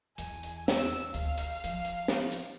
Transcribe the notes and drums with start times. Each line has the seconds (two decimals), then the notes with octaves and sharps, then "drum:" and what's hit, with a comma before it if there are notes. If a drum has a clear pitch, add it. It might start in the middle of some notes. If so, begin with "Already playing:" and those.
0.18 E2 G#5, drum: hi-hat
0.43 drum: hi-hat
0.68 E6, drum: snare
1.14 D2 D3 F5, drum: hi-hat
1.38 drum: hi-hat
1.64 F3, drum: hi-hat
1.85 drum: hi-hat
2.08 drum: snare
2.32 drum: hi-hat